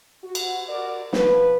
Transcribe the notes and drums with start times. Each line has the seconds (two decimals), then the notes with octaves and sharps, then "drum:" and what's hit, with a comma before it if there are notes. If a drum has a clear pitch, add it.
0.23 F#4
0.35 drum: cymbal
0.68 F#4 A#4 D5
1.13 B2 F3 B4, drum: snare